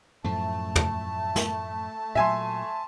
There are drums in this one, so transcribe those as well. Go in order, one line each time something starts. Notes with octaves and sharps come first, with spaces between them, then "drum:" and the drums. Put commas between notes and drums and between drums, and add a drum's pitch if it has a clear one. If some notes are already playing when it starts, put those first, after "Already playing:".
F#2 A2 F3 A3 A5
drum: tom
drum: snare
A#2 F#3 E5 G#5 C6